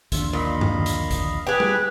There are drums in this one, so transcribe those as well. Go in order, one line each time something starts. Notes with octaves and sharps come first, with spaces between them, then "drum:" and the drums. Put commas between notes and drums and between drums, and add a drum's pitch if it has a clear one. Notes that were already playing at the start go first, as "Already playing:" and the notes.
A#1 D#2 D3 F4 E5, drum: kick, hi-hat
A#2 D#5 F5 B5
drum: tom F#2
drum: hi-hat
drum: kick, hi-hat
G4 G#4 B4
drum: tom G3